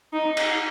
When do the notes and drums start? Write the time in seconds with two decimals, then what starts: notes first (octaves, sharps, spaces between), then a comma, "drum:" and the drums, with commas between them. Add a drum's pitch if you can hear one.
0.13 D#4
0.37 drum: cymbal